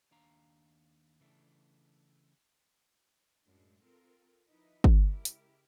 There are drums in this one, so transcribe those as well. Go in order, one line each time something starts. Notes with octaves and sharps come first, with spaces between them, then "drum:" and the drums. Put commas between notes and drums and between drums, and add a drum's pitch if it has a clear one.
D#2 D4 F5 A#5
C#3 E3 A3 D4
F#2 A2 G#3 D4
C4 F4 A4 A#4
D#3 F3 D#4 E4 B4 D#5
drum: kick
C#3 G#3 E4 G4 A#4
drum: hi-hat